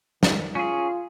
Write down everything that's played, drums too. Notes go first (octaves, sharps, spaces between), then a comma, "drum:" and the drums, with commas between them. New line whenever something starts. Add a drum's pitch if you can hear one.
D#3, drum: snare
C#4 F4 G#4